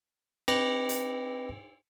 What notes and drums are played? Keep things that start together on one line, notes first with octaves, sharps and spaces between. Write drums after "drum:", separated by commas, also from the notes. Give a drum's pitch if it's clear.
C4 B4 D#5 G5 D6 A#6, drum: cymbal
drum: hi-hat